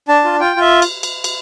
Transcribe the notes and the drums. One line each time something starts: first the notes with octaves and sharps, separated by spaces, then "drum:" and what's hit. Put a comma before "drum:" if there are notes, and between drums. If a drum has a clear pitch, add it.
D4 A5
F4
F4 G5
F4 E5
drum: cymbal
drum: cymbal
drum: cymbal